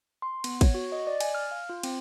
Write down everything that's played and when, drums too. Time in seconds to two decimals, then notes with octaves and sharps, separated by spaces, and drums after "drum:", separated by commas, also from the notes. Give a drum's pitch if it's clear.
0.22 C6
0.44 B3, drum: cymbal
0.61 C#5, drum: kick, cymbal
0.74 F#4
0.92 D#5
1.07 D5
1.20 G#5, drum: cymbal
1.35 F6
1.51 F5
1.69 F4
1.83 C4, drum: cymbal